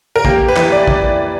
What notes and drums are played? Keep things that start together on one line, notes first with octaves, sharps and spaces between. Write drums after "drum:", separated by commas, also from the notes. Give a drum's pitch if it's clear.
A#4
A#3 G4, drum: kick
B4
E3, drum: clap
D5
drum: kick